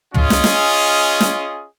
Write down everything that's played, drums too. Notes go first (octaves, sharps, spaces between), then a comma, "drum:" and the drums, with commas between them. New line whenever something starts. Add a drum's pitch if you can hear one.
C#4 F4 G#4 D#5, drum: tom
drum: snare
drum: snare
drum: snare